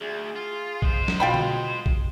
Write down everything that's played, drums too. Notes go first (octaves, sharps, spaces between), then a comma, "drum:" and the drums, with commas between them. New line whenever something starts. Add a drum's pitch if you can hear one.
D2 G#4
F4
G#3 C5, drum: kick B1
drum: snare
B2 F4 G5 B5
drum: tom D3
drum: kick B1